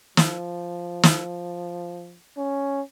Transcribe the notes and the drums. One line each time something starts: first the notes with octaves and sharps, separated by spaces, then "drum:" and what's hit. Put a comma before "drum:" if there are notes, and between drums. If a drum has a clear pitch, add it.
F3, drum: snare
drum: snare
C#4